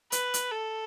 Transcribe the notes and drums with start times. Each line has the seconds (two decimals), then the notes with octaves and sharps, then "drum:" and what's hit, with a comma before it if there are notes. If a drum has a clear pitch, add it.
0.12 B4, drum: hi-hat
0.34 drum: hi-hat
0.52 A4